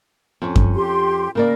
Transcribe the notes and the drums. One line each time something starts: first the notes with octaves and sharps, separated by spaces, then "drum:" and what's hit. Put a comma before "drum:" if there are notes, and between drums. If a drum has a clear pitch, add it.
F2 C#4
drum: kick F#2
G4 C6
C#3 A#3 A#4 D5